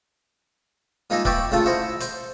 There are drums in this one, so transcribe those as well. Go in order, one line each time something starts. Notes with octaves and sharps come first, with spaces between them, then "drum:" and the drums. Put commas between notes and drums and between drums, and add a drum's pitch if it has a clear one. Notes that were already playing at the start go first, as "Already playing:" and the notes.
F3 G#3 A#3 D#4 D#5 E5
B4 D5 E5 G5 B5 C#6, drum: kick C#1
C#3 A3 F4 A4
E4 C5 D#5 E5 F#5
C5, drum: hi-hat